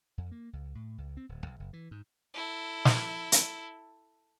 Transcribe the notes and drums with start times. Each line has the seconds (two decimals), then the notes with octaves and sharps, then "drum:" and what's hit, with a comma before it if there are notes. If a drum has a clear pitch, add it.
0.18 F2
0.31 A#3
0.53 C#2
0.75 A2
0.98 C#2
1.17 C4
1.29 D1
1.46 B1
1.60 F#1
1.73 E3
1.91 G#2
2.34 E4 A4
2.85 drum: snare
3.32 drum: hi-hat